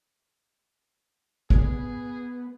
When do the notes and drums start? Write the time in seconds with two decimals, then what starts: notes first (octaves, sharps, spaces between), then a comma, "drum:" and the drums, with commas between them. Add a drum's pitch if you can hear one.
1.50 B3 G#4, drum: kick